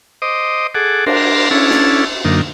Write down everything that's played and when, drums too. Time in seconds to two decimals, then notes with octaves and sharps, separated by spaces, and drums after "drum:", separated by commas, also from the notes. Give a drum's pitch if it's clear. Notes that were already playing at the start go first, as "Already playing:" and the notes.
0.22 C5 D#5 D6 D#6
0.75 G#4 A4 F#5 D6
1.06 D4 A#4 C5, drum: cymbal
1.51 C#4 D4 E4 A4
1.70 drum: snare
2.25 F#2 D3 A#3 D#4